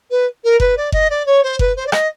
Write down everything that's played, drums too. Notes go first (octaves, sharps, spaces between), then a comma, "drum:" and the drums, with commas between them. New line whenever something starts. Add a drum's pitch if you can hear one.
B4
A#4
B4, drum: kick F#1
D5
D#5, drum: kick F#1
D5
C#5
C5
B4, drum: kick F#1
C5
D5
D#5, drum: rim click